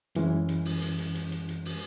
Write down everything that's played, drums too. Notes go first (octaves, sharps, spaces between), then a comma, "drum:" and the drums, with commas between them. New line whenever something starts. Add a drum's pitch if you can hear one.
F#2 E3 G#3 C#4, drum: hi-hat
drum: hi-hat
drum: open hi-hat
drum: hi-hat
drum: hi-hat
drum: hi-hat
drum: hi-hat
drum: hi-hat
drum: open hi-hat